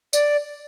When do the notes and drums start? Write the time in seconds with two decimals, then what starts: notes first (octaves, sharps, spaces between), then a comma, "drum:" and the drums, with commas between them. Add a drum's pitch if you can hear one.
0.13 D5, drum: tambourine